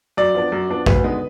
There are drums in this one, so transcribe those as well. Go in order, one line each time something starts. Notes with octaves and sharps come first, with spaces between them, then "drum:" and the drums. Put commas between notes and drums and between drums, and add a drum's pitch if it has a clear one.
F#2 D5
F3 B3 D4
F#2
F3 B3 D4
D2 B4, drum: kick A#1
D3 G#3 B3 D#4